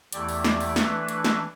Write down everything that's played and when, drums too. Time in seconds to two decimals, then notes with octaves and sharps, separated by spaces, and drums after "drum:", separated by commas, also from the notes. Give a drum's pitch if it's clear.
0.12 E2 E3 A3 G4 D5, drum: hi-hat
0.29 drum: open hi-hat
0.45 drum: snare
0.61 drum: open hi-hat
0.76 E3 A3 D4 B4, drum: snare
1.09 drum: hi-hat
1.25 drum: snare